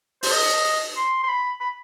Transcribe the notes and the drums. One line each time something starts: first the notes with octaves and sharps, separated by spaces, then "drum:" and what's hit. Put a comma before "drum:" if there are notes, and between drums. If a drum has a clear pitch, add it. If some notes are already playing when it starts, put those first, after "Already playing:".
C5, drum: open hi-hat
D#5
C6
C6
B5
B5